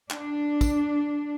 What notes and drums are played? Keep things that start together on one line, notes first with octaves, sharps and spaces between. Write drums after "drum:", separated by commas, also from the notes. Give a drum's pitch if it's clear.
D4, drum: clap
drum: kick, tambourine